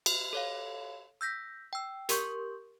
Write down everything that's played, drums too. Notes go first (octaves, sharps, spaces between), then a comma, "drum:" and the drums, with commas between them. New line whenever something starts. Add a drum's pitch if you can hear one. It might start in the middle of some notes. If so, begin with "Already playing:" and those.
drum: cymbal
A4 C#5 F5
E6 G6 A#6 B6
G5 E6
G4 A#4 C6 C#6 G6, drum: hi-hat